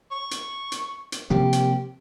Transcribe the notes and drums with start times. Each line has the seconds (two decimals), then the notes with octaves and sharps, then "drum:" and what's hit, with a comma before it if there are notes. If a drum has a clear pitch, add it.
0.11 C#6
0.31 drum: hi-hat
0.72 drum: hi-hat
1.12 drum: hi-hat
1.30 C3 F3 A#3 G4
1.53 drum: hi-hat